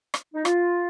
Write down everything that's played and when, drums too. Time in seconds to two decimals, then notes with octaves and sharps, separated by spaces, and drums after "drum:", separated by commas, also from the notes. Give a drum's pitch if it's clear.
0.14 drum: rim click
0.34 D#4
0.45 F4, drum: rim click